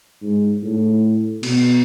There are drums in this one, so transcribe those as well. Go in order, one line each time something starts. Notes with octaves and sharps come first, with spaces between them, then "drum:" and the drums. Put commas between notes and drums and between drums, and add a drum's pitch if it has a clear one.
G#2
A2
B2, drum: cymbal